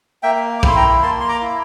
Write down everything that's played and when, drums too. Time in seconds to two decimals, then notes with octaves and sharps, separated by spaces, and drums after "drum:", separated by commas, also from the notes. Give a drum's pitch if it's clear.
0.23 A#3 E5 G5
0.59 D6
0.63 E4 C6, drum: kick A#1
0.76 G5 A#5
1.02 A#3 A5 C6
1.20 C6
1.28 A#5 D6
1.42 E4